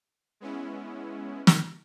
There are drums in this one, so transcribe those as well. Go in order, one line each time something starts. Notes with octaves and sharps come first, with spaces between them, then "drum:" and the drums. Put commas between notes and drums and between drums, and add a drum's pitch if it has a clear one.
G#3 B3 C#4 E4
drum: snare